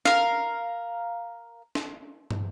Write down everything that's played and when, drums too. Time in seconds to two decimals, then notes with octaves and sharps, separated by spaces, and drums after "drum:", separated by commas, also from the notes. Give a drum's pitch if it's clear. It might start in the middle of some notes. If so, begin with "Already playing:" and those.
0.05 A#4 F5, drum: snare
1.75 drum: snare
2.31 drum: tom